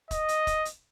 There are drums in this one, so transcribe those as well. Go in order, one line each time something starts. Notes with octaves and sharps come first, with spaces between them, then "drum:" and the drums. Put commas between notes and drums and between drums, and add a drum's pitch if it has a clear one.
D#5, drum: kick, hi-hat
drum: hi-hat
drum: kick, hi-hat
drum: hi-hat